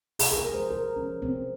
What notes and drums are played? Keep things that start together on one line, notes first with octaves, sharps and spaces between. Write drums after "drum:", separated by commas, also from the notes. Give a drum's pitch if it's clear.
C3 G#4, drum: open hi-hat
G#4
A#4
F3 G#3
C5
C3 A#4
F3 G#3 C#4
C3 C4